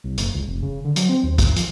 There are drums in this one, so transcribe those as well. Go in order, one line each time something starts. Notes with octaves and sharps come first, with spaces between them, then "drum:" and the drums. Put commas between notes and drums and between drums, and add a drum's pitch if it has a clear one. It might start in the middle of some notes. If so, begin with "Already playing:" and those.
C2
F#1, drum: hi-hat
C#2
F1
C#3
D3
F#3, drum: hi-hat
C4
D#2
drum: kick, hi-hat
F3, drum: hi-hat